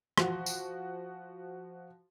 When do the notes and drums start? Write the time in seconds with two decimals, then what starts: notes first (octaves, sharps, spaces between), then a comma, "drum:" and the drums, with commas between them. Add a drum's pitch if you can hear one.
0.18 F3 F#4, drum: rim click
0.46 drum: tambourine